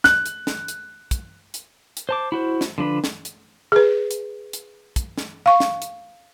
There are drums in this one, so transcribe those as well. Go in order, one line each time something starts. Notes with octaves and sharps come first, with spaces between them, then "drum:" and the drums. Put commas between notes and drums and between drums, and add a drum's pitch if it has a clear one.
F#6, drum: snare
drum: hi-hat
drum: snare
drum: hi-hat
drum: kick, hi-hat
drum: hi-hat
drum: hi-hat
C5 A5 D6
E4 F#4 C5
drum: snare
D3 F3 D4 B4
drum: snare
drum: hi-hat
G#4 B4
drum: hi-hat
drum: hi-hat
drum: kick, hi-hat
drum: snare
F5 C#6
drum: snare
drum: hi-hat